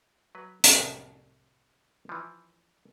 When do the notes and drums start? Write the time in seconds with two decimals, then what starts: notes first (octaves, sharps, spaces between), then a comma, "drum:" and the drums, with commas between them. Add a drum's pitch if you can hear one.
0.35 F#3 B4
0.64 drum: hi-hat
0.76 C2 F2 A2 D#3 E5
2.09 E3 F3